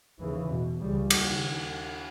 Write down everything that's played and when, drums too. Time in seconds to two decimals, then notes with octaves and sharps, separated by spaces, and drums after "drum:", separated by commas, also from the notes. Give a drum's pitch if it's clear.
0.20 D#2 C#3 E3
0.50 E2 B2
0.80 C#2 C#3 G3
1.10 C#3, drum: cymbal
1.16 D#2